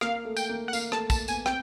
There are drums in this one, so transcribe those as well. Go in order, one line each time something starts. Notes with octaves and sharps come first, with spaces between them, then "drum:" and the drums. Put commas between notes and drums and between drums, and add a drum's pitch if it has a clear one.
A#3 F5, drum: rim click
A3
G5, drum: tambourine
A#3
F#5
A#3 F5, drum: tambourine
A3 A5, drum: rim click
A3 A5, drum: kick, tambourine
B3 G#5, drum: tambourine
C4 G5, drum: rim click